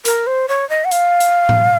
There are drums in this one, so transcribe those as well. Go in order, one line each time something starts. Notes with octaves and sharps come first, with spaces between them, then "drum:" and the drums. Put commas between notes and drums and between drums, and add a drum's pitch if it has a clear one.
A#4, drum: hi-hat
C5
C#5
D#5
F#5
F5, drum: hi-hat
drum: hi-hat
drum: tom A2